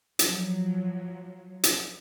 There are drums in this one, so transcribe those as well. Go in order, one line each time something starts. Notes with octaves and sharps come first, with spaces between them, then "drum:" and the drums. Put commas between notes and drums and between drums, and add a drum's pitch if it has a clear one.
F3 F#3, drum: hi-hat
drum: hi-hat